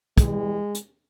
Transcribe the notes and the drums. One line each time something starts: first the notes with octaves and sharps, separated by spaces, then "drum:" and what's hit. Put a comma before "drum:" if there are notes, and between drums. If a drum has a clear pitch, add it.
E2 E3 G3 G#3, drum: kick, hi-hat
drum: hi-hat